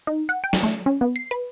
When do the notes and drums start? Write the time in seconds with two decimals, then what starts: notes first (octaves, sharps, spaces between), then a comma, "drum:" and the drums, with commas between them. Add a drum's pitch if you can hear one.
0.07 D#4
0.29 F#5
0.44 G5
0.53 drum: snare
0.63 A3
0.86 C#4
1.01 B3
1.16 C7
1.31 B4